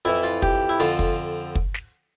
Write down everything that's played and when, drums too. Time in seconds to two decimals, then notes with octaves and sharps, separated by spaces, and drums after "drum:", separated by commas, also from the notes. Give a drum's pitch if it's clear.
0.05 F2 E3 E4
0.24 F4
0.42 G4, drum: kick
0.69 E4
0.80 F2 D3 F3 F4
0.99 drum: kick
1.55 drum: kick
1.74 drum: snare